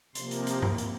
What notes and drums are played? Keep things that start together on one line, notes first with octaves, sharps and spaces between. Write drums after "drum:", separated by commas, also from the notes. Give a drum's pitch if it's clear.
C3 F3 A#3 C6, drum: hi-hat
drum: hi-hat
drum: hi-hat
drum: tom
drum: hi-hat